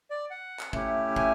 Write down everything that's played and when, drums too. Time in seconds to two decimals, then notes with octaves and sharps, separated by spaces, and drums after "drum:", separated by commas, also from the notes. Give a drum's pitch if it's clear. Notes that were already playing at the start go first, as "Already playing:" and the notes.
0.10 D5
0.31 F#5
0.60 drum: clap
0.73 A3 C#4 E4 G4, drum: kick
1.16 G#5, drum: kick